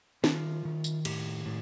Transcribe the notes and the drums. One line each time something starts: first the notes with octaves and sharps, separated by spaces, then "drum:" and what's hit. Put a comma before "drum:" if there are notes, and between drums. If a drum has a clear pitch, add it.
D#3 F4, drum: snare
D#3
drum: tambourine
A2 G4, drum: cymbal
A2